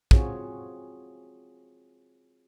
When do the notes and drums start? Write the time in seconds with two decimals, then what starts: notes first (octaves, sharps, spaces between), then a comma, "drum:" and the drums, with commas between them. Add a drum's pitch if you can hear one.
0.11 C4 F4 F#4 G#4 C#5, drum: kick